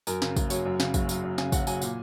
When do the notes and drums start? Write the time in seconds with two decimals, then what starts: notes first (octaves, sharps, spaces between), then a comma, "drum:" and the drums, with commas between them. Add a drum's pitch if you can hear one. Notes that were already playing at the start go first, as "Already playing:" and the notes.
0.07 F#2 A#4, drum: tambourine
0.22 C#3, drum: snare
0.36 F#1, drum: kick, tambourine
0.50 F#3 C#5, drum: tambourine
0.65 F#2
0.80 C#3, drum: snare
0.94 F#1, drum: kick, tambourine
1.09 F#3, drum: tambourine
1.23 F#2
1.38 C#3 G#5, drum: snare
1.52 F#1 F#5, drum: kick, tambourine
1.67 F#3 G#5, drum: tambourine
1.82 A#2, drum: tambourine